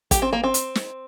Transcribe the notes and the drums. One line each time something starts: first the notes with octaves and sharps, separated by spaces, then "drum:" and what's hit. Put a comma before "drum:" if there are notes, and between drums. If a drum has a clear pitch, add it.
G4, drum: kick, hi-hat
C4
A#3
C4
drum: hi-hat
drum: snare